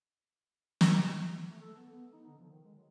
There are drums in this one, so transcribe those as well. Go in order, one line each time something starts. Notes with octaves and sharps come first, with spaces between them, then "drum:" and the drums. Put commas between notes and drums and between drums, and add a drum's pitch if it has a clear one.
drum: snare
A3
A4
B3
B3
D#4
D3
F3
D#3
G#3
F#3